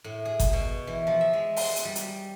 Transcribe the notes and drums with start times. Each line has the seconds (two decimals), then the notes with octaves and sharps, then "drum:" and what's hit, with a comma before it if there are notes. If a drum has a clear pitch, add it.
0.04 A2
0.25 G#4
0.40 drum: kick G1, hi-hat
0.53 B2
0.87 E3
1.07 F3
1.21 E5
1.33 G#3
1.56 C6, drum: open hi-hat
1.76 drum: hi-hat
1.85 G3
1.95 drum: hi-hat